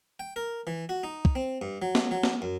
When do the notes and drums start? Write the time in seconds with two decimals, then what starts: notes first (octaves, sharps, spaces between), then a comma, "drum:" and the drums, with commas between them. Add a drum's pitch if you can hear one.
0.19 G5
0.36 A#4
0.67 E3
0.89 F#4
1.03 D#4
1.25 drum: kick
1.35 C4
1.62 G2
1.82 F#3
1.95 drum: snare A#3
2.11 F#3
2.23 drum: snare A#3
2.42 F#2